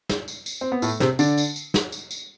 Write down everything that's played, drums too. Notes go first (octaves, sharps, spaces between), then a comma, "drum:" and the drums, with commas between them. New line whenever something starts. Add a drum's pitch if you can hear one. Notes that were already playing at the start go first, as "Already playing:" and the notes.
drum: snare
drum: tambourine
drum: tambourine
C4
B3
A2 A3, drum: tambourine
C3 C4, drum: snare
D3 D4, drum: tambourine
drum: tambourine
drum: tambourine
drum: snare
drum: tambourine
drum: tambourine